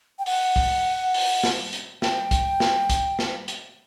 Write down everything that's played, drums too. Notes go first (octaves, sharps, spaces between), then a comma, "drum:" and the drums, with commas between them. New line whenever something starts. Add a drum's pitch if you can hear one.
G5
F#5, drum: open hi-hat
drum: kick, open hi-hat
drum: open hi-hat
drum: snare
drum: hi-hat
G5, drum: snare
drum: kick, hi-hat
drum: snare
drum: kick, hi-hat
drum: snare
drum: hi-hat